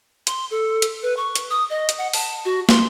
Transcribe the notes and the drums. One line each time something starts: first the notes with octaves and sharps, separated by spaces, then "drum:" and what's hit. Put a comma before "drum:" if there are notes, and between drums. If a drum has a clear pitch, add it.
C6, drum: hi-hat
A4
drum: hi-hat
B4
C#6
drum: hi-hat
D#6
D#5
drum: hi-hat
F#5
A5, drum: open hi-hat
F#4
C6, drum: snare